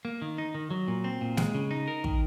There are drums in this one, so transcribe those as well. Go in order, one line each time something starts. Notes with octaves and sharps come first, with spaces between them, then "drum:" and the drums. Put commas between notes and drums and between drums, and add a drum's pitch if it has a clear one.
A#3
D#3
D#4
D#3
F#3
A#2
C4
A#2
G#3, drum: snare
C#3
D#4
A#4
D#3, drum: kick